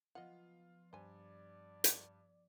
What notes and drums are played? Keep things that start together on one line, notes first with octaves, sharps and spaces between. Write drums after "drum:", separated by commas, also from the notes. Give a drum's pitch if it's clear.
F3 B3 F4 D#5 F#5
G2 C5 D5 G#5
drum: hi-hat